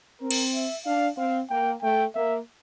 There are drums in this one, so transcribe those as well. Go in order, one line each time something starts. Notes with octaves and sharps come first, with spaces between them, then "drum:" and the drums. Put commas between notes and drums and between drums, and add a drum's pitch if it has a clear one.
C4 A#4
drum: cymbal
E5
D4 F5
C4 F5
A#3 G5
A3 G5
A#3 E5